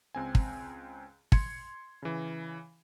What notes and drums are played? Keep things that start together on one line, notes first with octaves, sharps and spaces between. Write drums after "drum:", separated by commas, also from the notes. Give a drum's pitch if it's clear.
C#2 C4 G#5
drum: kick
C6 G#6 C#7, drum: kick
C#3 E3